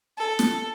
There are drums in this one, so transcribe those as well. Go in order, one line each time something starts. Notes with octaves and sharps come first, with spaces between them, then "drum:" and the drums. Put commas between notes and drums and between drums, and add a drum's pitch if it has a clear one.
A4
drum: snare